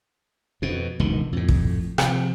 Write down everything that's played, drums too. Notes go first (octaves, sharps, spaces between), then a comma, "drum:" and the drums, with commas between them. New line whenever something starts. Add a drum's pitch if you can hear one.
F2 B2
E1 C#2 B2 D#3
F2 A2
drum: kick
C3 F3, drum: rim click